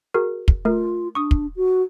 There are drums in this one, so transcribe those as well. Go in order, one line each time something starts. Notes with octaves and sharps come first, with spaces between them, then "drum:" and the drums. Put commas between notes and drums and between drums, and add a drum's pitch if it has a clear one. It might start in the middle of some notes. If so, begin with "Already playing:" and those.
F#4 G#4 A#4
drum: kick
A3 F4 A#4
D4 C#6 D#6
drum: kick
F#4